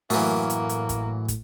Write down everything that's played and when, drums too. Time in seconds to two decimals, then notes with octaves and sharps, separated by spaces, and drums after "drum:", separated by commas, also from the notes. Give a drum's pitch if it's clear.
0.10 F#2 A2 E3 A#3, drum: open hi-hat
0.50 drum: hi-hat
0.69 drum: hi-hat
0.89 drum: kick, hi-hat
1.28 drum: kick, hi-hat